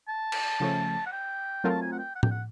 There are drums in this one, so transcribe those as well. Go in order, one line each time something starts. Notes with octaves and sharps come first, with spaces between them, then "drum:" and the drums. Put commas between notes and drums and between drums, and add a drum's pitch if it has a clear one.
A5
drum: cymbal
C#3 F3 A3 C#4
F#5
G5
F#3 A3 C4 F4 A#4
A5
G#5
F#5
G5
F#5
G5, drum: tom A2
F#5